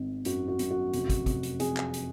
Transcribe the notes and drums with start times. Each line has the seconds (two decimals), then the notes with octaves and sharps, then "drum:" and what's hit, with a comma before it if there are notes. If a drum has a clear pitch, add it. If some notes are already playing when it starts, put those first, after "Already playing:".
Already playing: G#1 D#3
0.25 F#2 F#4, drum: hi-hat
0.48 F#4
0.59 F#2, drum: hi-hat
0.71 F#4
0.93 F1, drum: hi-hat
1.09 drum: kick, hi-hat
1.26 F1, drum: kick, hi-hat
1.43 drum: hi-hat
1.60 F2 G#4, drum: hi-hat
1.77 drum: clap
1.94 drum: hi-hat